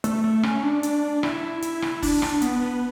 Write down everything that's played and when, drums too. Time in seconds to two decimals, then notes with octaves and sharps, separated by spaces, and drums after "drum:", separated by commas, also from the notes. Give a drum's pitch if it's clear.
0.04 A3, drum: hi-hat
0.24 A3
0.43 C#4, drum: rim click
0.63 D4
0.83 D4, drum: hi-hat
1.23 E4, drum: rim click
1.62 E4, drum: hi-hat
1.82 drum: rim click
2.02 D4, drum: kick F#1, open hi-hat
2.22 drum: rim click
2.42 B3, drum: hi-hat
2.62 B3